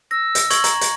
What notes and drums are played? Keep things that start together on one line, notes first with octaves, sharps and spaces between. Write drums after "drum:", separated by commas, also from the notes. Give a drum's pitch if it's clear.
E6 A#6
drum: hi-hat
C#6 G#6 F#7, drum: hi-hat
A#5, drum: hi-hat
drum: hi-hat